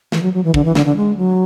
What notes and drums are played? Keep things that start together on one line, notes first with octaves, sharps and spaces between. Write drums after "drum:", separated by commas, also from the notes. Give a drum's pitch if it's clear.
E3, drum: snare
F#3
F#3
E3
D3, drum: kick
E3
D3, drum: snare
D3
G#3
F#3